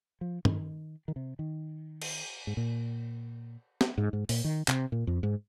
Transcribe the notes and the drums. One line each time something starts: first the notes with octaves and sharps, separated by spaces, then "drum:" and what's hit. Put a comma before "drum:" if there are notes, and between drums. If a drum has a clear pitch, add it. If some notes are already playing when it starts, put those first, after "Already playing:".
F3
D#3, drum: tom
D#3
C3
D#3
drum: cymbal
G#2
A#2
drum: snare
G#2
G#2
A#2, drum: open hi-hat
D#3
C3, drum: clap
A#2
F2
G#2